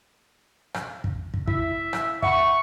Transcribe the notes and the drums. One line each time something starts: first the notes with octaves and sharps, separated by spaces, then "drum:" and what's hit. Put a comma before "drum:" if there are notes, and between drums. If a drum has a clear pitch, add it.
drum: rim click
drum: kick
drum: kick
E4 E5, drum: kick
drum: rim click
E5 F#5 B5 C#6, drum: kick